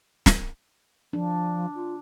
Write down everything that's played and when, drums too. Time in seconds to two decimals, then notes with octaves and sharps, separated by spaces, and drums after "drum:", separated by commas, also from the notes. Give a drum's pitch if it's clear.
0.26 drum: snare
1.13 F3 D4
1.74 F4